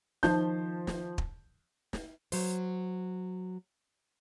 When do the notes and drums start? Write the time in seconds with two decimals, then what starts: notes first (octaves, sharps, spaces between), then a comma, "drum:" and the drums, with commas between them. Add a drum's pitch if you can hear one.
0.23 D#3 F3 C5 A5 G6, drum: snare
0.87 drum: snare
1.18 drum: kick
1.93 drum: snare
2.32 F#3 C5, drum: open hi-hat